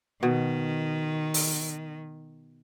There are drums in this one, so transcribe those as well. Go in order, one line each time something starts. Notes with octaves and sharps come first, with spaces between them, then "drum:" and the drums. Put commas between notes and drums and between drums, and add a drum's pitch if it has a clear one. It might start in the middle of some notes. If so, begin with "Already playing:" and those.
B2 D#3
drum: open hi-hat